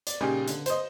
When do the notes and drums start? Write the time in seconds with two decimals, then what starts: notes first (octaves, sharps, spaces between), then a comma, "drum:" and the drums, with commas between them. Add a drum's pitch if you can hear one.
0.07 D5, drum: hi-hat
0.20 A#2 C#3 G3 D#4 G4 G#4
0.48 D3, drum: hi-hat
0.66 C5 D#5, drum: hi-hat